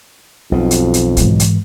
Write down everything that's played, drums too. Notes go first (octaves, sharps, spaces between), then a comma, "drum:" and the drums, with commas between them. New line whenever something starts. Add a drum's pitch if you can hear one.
B1 F2 B2
drum: hi-hat
drum: hi-hat
G#2 E3, drum: hi-hat
drum: hi-hat